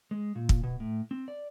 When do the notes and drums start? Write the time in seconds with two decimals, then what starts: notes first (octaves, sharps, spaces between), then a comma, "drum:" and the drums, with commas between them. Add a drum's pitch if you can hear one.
0.11 G#3
0.35 A#2
0.49 drum: kick
0.63 B2
0.80 A2
1.11 C4
1.28 D5